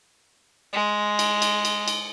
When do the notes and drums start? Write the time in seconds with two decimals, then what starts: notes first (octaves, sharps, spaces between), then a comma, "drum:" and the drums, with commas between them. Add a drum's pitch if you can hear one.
0.73 G#3
1.19 drum: cymbal
1.42 drum: cymbal
1.65 drum: cymbal
1.88 drum: cymbal